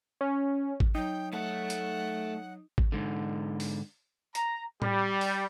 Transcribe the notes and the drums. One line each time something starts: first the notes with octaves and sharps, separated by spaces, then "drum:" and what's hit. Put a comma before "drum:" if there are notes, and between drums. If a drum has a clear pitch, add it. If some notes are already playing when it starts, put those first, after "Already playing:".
C#4
drum: kick G#1
F#3 D#4 G5
A3 A4 F#5
drum: hi-hat
drum: kick G#1
G#2 D3
drum: open hi-hat
A#5, drum: hi-hat
G3, drum: tom A2
drum: open hi-hat